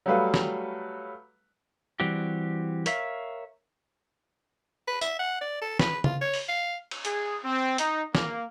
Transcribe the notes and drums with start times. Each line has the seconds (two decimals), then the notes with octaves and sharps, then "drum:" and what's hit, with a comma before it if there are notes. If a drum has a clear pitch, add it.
0.06 F#3 G3 A3 F#4 B4 F5
0.34 drum: snare
2.00 E3 G3 C4 F#4 G4
2.86 A#4 C#5 E5 F5, drum: hi-hat
4.88 B4
5.01 E5, drum: tambourine
5.19 F#5
5.41 D5
5.62 A4
5.79 B4, drum: snare
6.04 F4, drum: tom C#3
6.21 C#5
6.34 drum: open hi-hat
6.48 F5
6.91 drum: cymbal
7.05 G#4, drum: hi-hat
7.44 C4
7.78 D#4, drum: hi-hat
8.15 A#3, drum: snare